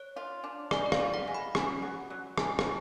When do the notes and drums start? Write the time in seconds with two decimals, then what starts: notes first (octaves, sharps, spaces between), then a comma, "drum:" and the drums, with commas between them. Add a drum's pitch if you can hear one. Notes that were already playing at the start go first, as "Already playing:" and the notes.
Already playing: C#5
0.16 F4
0.44 D4
0.71 G#3 D5, drum: rim click
0.86 D5
0.92 F5, drum: rim click
0.99 F4
1.14 F#5
1.27 G#3
1.34 B5
1.55 C#4, drum: rim click
1.82 F#3
2.10 F#3
2.38 G#3 A5, drum: rim click
2.59 drum: rim click